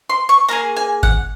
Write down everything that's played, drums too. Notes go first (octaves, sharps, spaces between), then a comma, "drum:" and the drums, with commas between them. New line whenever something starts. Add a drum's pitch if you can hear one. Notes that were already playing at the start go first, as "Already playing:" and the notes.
C6
C#6
A#3 F4 G#4 A#5
G#5
F#5, drum: kick G#1